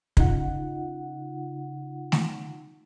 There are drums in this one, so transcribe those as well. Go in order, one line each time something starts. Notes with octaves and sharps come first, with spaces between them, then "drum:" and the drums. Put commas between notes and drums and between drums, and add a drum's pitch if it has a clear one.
C#3 D#4 F4 F#5, drum: kick
drum: snare A3